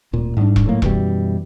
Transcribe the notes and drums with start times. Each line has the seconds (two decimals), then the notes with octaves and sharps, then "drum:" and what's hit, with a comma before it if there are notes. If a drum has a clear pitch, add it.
0.13 D1 A#2
0.37 G#2 G3 D4
0.56 drum: kick E1
0.66 A2 F#3 A#3
0.82 F#2 B2 E3 G3, drum: kick E1